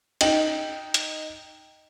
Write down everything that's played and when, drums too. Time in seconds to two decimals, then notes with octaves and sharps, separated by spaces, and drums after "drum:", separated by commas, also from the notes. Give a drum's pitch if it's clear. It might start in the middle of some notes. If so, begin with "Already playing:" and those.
0.21 D#4 G5 F#7, drum: cymbal
0.94 drum: hi-hat